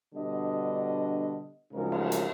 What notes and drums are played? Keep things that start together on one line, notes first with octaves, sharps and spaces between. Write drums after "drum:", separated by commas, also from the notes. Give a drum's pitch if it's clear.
B2 D3 G3 D4 D#5
D2 G#2 C#3 F3 F#3 A#4
drum: cymbal
drum: hi-hat